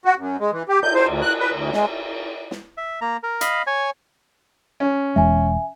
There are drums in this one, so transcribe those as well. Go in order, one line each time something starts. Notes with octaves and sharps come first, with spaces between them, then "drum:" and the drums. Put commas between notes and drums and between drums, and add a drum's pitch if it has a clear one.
F#4
F#2
G#3
E3
G4
G6, drum: cymbal
C5
D2
F#6
B4
D2
G#3, drum: snare
drum: snare
E5
A#3 A#5
A#4
D#5 F5 B5, drum: hi-hat
C#5 G#5
C#4
E1 E2 G#3 E5 G#5